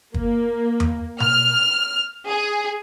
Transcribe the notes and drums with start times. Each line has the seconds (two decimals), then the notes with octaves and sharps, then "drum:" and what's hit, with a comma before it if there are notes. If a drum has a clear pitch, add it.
0.14 A#3, drum: kick
0.80 drum: tom E2
1.20 F6, drum: tom B2
2.28 G#4